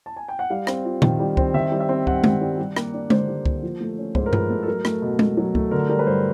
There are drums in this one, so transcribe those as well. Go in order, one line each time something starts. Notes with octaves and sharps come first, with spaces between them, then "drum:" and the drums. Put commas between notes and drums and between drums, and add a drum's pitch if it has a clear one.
A5
G#5
G5
F#5
G3 F5
C4, drum: rim click
F4
D#3, drum: tom A#2
G3
C4, drum: kick C#2
D#3 E5
G3
E5
C4
G2 F#5, drum: kick C#2
D#3, drum: tom G#3
G3
G3
A#3, drum: rim click
D4
D3 C5, drum: tom G#3
G3
A#3, drum: kick C#2
F3
A3
C#4
G#2 C5, drum: kick C#2
A#4
F3 B4, drum: tom G2
A3 A4
A4
F#3 A#4
A3, drum: rim click
B2
B2, drum: tom G#3
F#3
A3, drum: kick C#2
D3 A#4
G3 A#4
B4
G2 C5